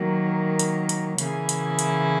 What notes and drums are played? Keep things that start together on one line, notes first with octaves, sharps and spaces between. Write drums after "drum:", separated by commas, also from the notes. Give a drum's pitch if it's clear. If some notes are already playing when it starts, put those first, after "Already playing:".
Already playing: D#3 F#3 A#3
drum: hi-hat
drum: hi-hat
C#3 E3 A#3 E4 G#4, drum: hi-hat
drum: hi-hat
drum: hi-hat